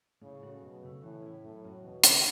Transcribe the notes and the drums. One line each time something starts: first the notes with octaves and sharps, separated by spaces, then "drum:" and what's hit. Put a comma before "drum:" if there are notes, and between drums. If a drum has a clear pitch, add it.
A2 C#3
A3 F#4
F#2 B2
C#3 A3
A2 E3
C#4 E4
F#2 A2
F#3 C#4 F#4
E2 B2
C#3 A3 E4, drum: hi-hat